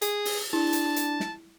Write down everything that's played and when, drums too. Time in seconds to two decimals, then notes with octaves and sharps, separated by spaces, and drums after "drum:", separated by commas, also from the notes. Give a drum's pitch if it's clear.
0.02 G#4, drum: hi-hat
0.25 drum: open hi-hat
0.53 D4 E4 A5
0.73 drum: hi-hat
0.96 drum: hi-hat
1.20 drum: snare